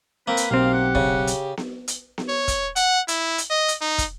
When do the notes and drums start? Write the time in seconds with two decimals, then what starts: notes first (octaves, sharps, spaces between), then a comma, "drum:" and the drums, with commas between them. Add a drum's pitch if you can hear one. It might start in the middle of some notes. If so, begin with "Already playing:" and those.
0.28 A#3 C4 B4
0.37 drum: hi-hat
0.51 B1 C4 G4 F5
0.73 F#5
0.95 C#3, drum: kick
1.27 drum: hi-hat
1.57 drum: snare B3
1.88 drum: hi-hat
2.18 drum: snare B3
2.28 C#5
2.48 drum: kick, hi-hat
2.76 F#5, drum: hi-hat
3.08 E4, drum: hi-hat
3.38 drum: hi-hat
3.50 D#5
3.68 drum: hi-hat
3.81 D#4
3.98 drum: kick, hi-hat